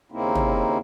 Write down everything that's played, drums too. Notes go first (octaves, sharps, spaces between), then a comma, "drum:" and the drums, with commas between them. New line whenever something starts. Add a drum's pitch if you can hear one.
D#2 C#3 A#3 C4 D#4 E4
drum: tom